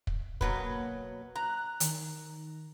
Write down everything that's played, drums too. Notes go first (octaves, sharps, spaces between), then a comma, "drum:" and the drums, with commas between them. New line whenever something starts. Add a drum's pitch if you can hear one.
drum: kick
B2 F#3 A#3 B4, drum: kick
A#5 F#6
D#3, drum: hi-hat